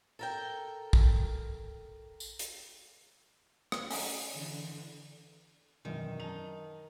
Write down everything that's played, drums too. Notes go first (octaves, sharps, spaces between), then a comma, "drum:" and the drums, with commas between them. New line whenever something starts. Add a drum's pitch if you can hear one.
A4 A#4 G5
drum: kick
drum: tambourine
drum: hi-hat
drum: rim click
C#4 D#4 F#4, drum: open hi-hat
D3 E3
E1 F#2 D#3 E3
D#4 A5 F7